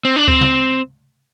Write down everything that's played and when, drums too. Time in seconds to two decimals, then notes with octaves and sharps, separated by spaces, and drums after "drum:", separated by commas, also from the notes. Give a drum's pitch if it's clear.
0.05 C4
0.16 D4
0.28 C4, drum: kick D2
0.41 drum: tom